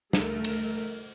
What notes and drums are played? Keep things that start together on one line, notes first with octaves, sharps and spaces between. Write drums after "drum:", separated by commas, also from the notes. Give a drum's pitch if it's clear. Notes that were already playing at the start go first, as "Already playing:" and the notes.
A3 A#4, drum: snare
drum: cymbal